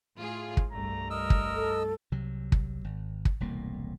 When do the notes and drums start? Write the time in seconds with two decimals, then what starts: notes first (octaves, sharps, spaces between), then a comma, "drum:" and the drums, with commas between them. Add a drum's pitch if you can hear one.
0.17 A2 F4 G#4
0.57 drum: kick
0.71 C2 G2 A3 A#5
1.10 A#4 D#5 E6
1.30 drum: kick
1.55 A4
2.12 C2 C3 F#3
2.52 drum: kick
2.84 G#1
3.25 drum: kick
3.40 E1 C2 A2 A#3